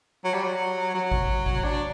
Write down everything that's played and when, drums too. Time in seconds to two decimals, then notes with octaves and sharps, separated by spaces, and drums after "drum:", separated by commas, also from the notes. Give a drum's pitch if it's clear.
0.25 F#3
0.34 G3
0.44 F#3
0.94 F#3
1.11 drum: kick G#1
1.46 drum: kick G#1
1.64 D4